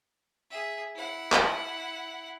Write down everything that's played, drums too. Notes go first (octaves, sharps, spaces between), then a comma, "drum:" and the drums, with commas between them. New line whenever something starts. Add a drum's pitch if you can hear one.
G#4 E5
E4 F#5
drum: clap